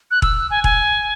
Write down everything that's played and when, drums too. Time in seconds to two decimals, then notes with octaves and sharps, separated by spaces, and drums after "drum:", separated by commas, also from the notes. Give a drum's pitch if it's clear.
0.11 F#6
0.22 E6, drum: kick E1
0.51 G#5
0.64 G#5, drum: kick E1